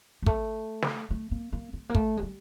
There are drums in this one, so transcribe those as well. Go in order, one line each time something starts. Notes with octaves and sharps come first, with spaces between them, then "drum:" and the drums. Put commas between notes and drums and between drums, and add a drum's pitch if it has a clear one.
G#3
A3, drum: kick
drum: snare
A3
A#3
A#3
A3
A#3
A3, drum: kick
G#3
G3